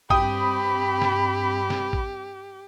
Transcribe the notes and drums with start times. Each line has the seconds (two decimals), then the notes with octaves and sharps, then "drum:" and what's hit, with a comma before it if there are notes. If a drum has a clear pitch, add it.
0.10 G2 C4 G4 G5 B5 D#6, drum: kick
1.02 drum: snare
1.70 drum: snare
1.93 drum: kick